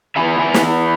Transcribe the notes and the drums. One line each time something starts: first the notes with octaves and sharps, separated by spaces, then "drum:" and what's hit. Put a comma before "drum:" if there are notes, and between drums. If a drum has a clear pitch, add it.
E3 B3 E4 E5 G#5
E5 G#5
drum: snare